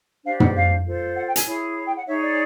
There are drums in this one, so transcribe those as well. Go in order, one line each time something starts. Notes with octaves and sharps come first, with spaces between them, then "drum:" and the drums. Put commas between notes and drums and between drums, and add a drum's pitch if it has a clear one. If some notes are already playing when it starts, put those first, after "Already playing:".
D4 G4 C5 F5
F#5, drum: tom
F5
F4 A4 C5
F#5
G5
G#5, drum: hi-hat
E4 G#4 C#5
G5
F#5
D#4 G#4 C#5 E5
D5